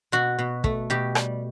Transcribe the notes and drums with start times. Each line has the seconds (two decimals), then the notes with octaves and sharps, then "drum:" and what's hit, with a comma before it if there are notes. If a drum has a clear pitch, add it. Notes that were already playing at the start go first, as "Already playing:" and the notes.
0.12 B2 F#4
0.39 B2
0.64 A3, drum: kick
0.90 B2 G4
1.15 G3, drum: rim click